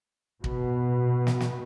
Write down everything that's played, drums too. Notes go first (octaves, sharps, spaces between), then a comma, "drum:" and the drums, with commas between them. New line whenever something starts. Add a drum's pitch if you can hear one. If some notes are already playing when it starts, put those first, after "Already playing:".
B2, drum: kick
drum: snare
drum: snare